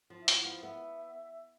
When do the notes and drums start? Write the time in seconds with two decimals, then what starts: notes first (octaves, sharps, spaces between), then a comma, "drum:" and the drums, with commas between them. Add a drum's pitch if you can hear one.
0.10 F3
0.22 E5
0.28 F3, drum: hi-hat
0.34 F#5
0.45 B3 F5
0.62 B3 E5